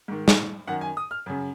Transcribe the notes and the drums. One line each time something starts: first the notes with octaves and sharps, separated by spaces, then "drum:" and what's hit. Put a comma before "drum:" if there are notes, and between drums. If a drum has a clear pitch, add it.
G#2 D#3
drum: snare
F#2 D#3 F#5
G#5
D#6
F6
F#2 C#3